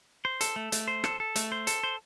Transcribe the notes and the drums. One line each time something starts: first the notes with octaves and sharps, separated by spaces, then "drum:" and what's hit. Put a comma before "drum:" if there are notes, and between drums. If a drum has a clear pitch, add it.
C5
A4, drum: hi-hat
A3
A3, drum: hi-hat
C5
A4, drum: rim click
A4
A3, drum: hi-hat
C5
A4, drum: hi-hat
C5